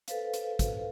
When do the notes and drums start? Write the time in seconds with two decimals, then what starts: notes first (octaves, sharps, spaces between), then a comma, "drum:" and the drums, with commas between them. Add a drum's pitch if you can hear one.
0.08 A4 B4 C5 F5, drum: hi-hat
0.33 drum: hi-hat
0.59 drum: kick, hi-hat